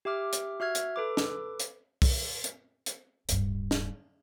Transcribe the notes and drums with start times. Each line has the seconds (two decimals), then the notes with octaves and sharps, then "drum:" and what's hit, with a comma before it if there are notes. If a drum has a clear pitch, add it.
0.05 G4 E5 D6 F6
0.33 drum: hi-hat
0.60 F#4 E5 F6 G#6
0.75 drum: hi-hat
0.96 A4 B4 D6
1.17 drum: snare
1.60 drum: hi-hat
2.02 drum: kick, open hi-hat
2.44 drum: hi-hat
2.86 drum: hi-hat
3.29 D1 G2, drum: hi-hat
3.71 drum: snare